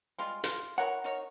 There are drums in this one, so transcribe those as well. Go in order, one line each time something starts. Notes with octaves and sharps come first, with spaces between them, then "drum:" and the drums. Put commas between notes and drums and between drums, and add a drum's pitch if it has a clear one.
G3 G#3 F4
F4, drum: hi-hat
E4 A#4 C#5 F#5
D#4 A#4 C#5